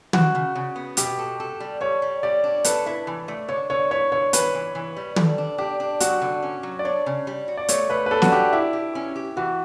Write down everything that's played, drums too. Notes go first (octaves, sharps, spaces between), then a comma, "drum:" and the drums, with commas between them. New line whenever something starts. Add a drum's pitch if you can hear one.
C#3 F#4, drum: tom
C#3
C#3
B3
B2 G4, drum: hi-hat
A4
A4
G3
G3 C#5
G3
G3 D5
D4
A4 B4, drum: hi-hat
E4 B4
E3
A3 D5
D3 C#5
D3 C#5
E4 C#5
D3 C#5
E3 B4, drum: hi-hat
E3
E3
G3
G3 A4, drum: tom
D4
D4 G4
D4
F#3 F#4, drum: hi-hat
D3
C#4
F#3
D5
D4 C#5
C#3
G3
F#4
D5
A3 C#5, drum: hi-hat
A3 B4
B4
D4 A4
F#4, drum: snare
D4 G4
E4 G4
G4
C#4
G4
E3 F#4